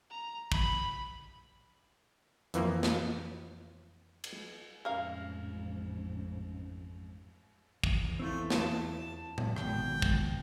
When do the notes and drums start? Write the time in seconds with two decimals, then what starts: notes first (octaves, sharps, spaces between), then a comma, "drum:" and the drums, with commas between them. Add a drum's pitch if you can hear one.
0.10 A#5
0.52 B5, drum: kick
2.54 F2 E3 F3 A#3, drum: hi-hat
2.83 drum: snare
4.24 drum: cymbal
4.85 A1 F2 G#2 C#4 A#4 F5
7.84 E2, drum: kick
8.19 A3 C4 E4 F4
8.50 A5, drum: snare
9.38 drum: tom A2
9.56 G#1 C#2 B2 G5, drum: rim click
10.02 drum: kick